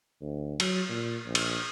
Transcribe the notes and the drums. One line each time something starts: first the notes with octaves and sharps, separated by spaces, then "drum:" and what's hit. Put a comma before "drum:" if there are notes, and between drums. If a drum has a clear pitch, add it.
D2
F#3, drum: cymbal
A#2
A#1
drum: cymbal